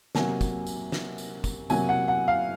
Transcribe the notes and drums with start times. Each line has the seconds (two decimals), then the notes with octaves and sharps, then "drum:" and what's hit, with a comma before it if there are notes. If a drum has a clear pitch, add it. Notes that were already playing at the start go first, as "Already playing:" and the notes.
0.15 C3 F#3 A#3 G#5, drum: snare
0.41 drum: kick, tambourine
0.67 drum: tambourine
0.92 drum: snare
1.18 drum: tambourine
1.44 drum: kick, tambourine
1.70 C3 F#3 A#3 G#5, drum: tambourine
1.89 F#5
2.08 F#5
2.28 F5